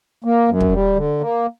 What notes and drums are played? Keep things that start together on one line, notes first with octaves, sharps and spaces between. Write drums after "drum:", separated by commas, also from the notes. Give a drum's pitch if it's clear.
A#3
F#2
drum: kick
G3
D3
A#3